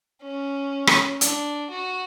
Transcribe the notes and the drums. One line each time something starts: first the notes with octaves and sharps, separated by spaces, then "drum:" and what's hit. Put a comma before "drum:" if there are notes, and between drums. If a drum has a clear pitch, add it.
C#4
drum: rim click
D4, drum: hi-hat
F#4